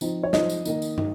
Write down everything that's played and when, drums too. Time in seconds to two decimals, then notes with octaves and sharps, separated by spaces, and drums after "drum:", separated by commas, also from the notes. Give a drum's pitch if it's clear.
0.01 F3 C4 D#4, drum: tambourine
0.23 C#5
0.33 F3 C4 D#4 D#5, drum: snare
0.50 drum: tambourine
0.65 D#3 A#3 D#4, drum: tambourine
0.82 drum: tambourine
0.98 D#3, drum: tom